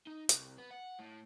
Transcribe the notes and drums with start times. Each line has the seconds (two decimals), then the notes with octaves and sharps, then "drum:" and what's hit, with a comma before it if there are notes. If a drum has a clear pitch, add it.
0.07 D#4
0.29 C2, drum: hi-hat
0.58 B3
0.71 F#5
0.99 A2